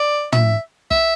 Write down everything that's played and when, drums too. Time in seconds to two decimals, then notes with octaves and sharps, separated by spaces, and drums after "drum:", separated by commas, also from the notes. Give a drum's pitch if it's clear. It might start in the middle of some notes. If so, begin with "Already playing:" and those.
Already playing: D5
0.32 E5, drum: tom
0.91 E5, drum: kick